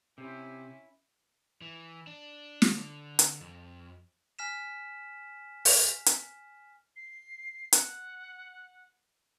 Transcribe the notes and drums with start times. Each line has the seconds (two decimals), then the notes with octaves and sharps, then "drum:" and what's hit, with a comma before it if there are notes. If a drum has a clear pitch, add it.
0.18 C3 C#4 E4
1.62 E3
2.07 D4
2.62 D3, drum: snare
3.19 drum: hi-hat
3.41 F2
4.39 G#5 F6 B6 E7
5.65 drum: open hi-hat
6.06 drum: hi-hat
6.96 C7
7.73 F#5, drum: hi-hat